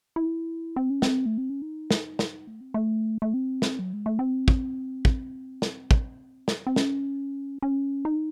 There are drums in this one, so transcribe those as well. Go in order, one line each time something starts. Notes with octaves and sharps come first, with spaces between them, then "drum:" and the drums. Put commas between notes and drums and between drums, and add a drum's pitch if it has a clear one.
E4
C4
C#4
C4, drum: snare
A3
C4
C#4
D#4
drum: snare
drum: snare
A3
C4
A3
A3
C4
drum: snare
F#3
G#3
A3
C4
drum: kick
drum: kick
drum: snare
drum: kick
drum: snare
C4
C#4, drum: snare
C#4
D#4